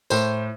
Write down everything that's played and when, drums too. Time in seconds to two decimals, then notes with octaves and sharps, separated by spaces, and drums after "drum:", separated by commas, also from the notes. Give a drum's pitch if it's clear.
0.10 A2 C5, drum: tambourine